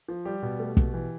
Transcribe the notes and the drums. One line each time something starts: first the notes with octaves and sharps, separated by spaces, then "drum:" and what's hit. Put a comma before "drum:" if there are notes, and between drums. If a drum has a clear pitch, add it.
F3
G3 G4
B2
A3
B2, drum: kick
E3